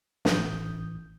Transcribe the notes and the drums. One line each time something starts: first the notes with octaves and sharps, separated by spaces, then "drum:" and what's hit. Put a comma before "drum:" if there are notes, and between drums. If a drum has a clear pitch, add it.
A1 D#6 G6, drum: snare